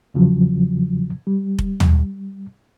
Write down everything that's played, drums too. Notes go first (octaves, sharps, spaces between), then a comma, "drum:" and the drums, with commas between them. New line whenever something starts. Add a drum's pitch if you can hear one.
E2 C#3 F3 F#3
G3
drum: kick F1
drum: tom